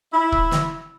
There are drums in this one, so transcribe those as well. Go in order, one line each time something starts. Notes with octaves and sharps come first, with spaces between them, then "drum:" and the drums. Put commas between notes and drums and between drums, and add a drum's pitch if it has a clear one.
E4
drum: kick
drum: snare